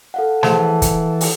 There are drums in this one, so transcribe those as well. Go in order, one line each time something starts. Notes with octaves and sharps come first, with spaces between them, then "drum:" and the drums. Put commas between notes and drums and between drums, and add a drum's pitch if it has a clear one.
A4 F5 F#5
E3 F3 A3 G#4 A5, drum: snare
drum: kick, hi-hat
drum: open hi-hat